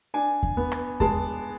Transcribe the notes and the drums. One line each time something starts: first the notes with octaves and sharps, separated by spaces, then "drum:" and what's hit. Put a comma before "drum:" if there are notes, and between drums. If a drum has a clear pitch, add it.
D4 G#5
drum: kick E2
B3
drum: rim click
G#3 A5, drum: kick E2